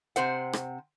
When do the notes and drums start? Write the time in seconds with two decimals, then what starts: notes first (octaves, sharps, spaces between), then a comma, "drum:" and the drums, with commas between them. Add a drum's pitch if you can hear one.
0.16 C3 C4 C5 F#5, drum: hi-hat
0.53 drum: rim click